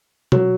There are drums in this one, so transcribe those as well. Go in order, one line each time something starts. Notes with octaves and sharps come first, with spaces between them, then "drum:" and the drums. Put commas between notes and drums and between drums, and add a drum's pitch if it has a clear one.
F#3, drum: tom B2